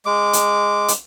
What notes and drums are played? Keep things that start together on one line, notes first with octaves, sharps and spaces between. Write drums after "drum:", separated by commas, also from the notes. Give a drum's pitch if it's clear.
G#3 D6
drum: hi-hat
drum: hi-hat